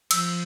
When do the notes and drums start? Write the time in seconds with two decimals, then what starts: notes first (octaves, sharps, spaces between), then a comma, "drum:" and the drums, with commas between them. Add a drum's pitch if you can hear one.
0.11 F3 E6, drum: cymbal